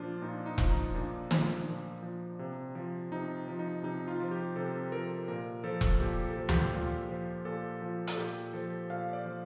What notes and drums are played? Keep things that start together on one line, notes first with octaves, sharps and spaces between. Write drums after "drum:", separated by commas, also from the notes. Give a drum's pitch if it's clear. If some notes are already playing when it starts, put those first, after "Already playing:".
Already playing: A#2 F3 D4 F4
A#2 D#4
D#4
F3, drum: kick E1
D#4
A#2 D4
F3, drum: snare
A#2
F3
C3
F3
C3 D#4
F3
D#4
C3 D#4
F4
F3
G4
C3 A4
F3 A#4
A#2 A#4
F3 A4
drum: kick E1
A#2 G4
A4
F3
G4, drum: tom D2
A#2 F4
F3
A#2 A4
F3
A4, drum: hi-hat
A#2 G4
F3 A4
A#2 F5
D5
F3